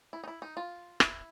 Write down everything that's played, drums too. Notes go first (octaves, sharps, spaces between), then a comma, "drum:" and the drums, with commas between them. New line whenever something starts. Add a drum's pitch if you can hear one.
E4
D#4
E4
D#4
F4
E4, drum: rim click